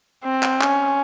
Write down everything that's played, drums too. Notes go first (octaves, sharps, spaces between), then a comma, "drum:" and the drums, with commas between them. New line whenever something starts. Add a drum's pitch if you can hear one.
C4
drum: clap
C#4, drum: clap